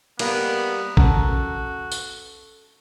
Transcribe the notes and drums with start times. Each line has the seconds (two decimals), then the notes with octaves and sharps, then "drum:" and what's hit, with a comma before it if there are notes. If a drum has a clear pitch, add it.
0.19 G3 A#3 B3 A#4, drum: cymbal
0.97 C#4 F#4 A4 F#5 A#5, drum: kick A1
1.92 drum: tambourine